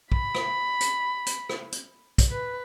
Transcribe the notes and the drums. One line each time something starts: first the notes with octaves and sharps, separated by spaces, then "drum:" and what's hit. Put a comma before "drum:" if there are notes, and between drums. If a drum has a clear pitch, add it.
B5, drum: kick
drum: rim click
drum: hi-hat
drum: hi-hat
drum: rim click
drum: hi-hat
drum: kick, hi-hat
B4